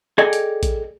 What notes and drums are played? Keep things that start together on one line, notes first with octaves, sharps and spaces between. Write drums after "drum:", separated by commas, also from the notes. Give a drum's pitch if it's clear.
G#4 A4 D5 D#5 G5 G#5
drum: hi-hat
drum: kick A#1, hi-hat